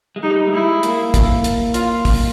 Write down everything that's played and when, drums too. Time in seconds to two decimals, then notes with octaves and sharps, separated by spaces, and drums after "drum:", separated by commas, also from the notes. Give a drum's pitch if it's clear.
0.16 G#3
0.23 G3 D#4
0.47 A3
0.53 G#3 E4
0.83 A#3, drum: hi-hat
1.14 drum: kick, hi-hat
1.44 drum: hi-hat
1.74 F4, drum: hi-hat
2.05 drum: kick, open hi-hat